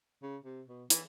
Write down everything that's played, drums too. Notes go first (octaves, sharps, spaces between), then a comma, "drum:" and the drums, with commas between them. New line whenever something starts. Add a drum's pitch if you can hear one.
C#3
C3
B2
E3, drum: hi-hat